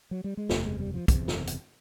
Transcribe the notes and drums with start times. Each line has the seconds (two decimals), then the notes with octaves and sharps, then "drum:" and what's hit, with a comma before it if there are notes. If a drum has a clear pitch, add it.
0.11 F#3
0.24 G3
0.37 G#3
0.49 F#1 E2 C3 A3, drum: snare
0.65 G#3
0.80 G3
0.94 F3
1.08 F#1 E2 C3, drum: kick, hi-hat
1.28 drum: snare
1.47 drum: hi-hat